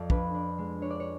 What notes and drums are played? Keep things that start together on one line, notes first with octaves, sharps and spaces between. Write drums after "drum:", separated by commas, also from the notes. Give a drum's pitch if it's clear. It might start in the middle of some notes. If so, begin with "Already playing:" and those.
Already playing: F2 F3 A4 D5 F5
D4 B4, drum: kick
D4
G#3
D4 C#5
D5
C#5